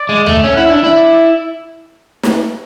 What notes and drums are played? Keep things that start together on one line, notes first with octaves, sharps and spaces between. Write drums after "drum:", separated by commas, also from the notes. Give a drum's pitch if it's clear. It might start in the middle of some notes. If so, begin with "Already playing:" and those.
Already playing: D5
G#3
A3, drum: tom D2
C#4 E5
E4 F#5
D4 E5
E4
D5
E5
drum: snare